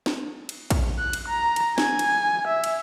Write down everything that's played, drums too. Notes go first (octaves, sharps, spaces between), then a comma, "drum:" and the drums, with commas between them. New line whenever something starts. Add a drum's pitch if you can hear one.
drum: snare
drum: cymbal
drum: kick, cymbal
F#6
drum: cymbal
A#5
drum: cymbal
G#5, drum: snare
drum: cymbal
E5
drum: cymbal